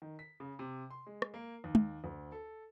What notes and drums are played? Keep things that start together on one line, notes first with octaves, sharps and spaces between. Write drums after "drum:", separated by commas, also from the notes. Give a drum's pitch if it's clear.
D#3
B6
C#3
C3
C6
G#3
drum: rim click
A#3
D#2
drum: tom
D2
A4